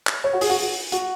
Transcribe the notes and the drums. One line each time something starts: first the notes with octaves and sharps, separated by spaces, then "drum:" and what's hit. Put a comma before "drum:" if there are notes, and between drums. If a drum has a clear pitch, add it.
drum: clap
C#5
F#4
G#4, drum: open hi-hat
F#4
F#4, drum: hi-hat